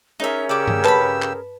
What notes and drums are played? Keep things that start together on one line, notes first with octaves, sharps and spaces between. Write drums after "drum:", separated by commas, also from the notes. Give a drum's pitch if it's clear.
C#4 D#4 G#4 A#4 E5
C#3 G4 D5 D6 E6
drum: tom G2
B4 A5 B5, drum: clap
drum: clap